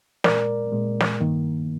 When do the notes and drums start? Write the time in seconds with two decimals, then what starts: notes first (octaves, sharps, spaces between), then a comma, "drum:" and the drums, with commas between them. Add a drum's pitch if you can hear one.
0.24 A#2 G#3 A#4 D5, drum: snare
0.72 A#2 G#3
1.00 drum: snare
1.21 G2 D#3 A#3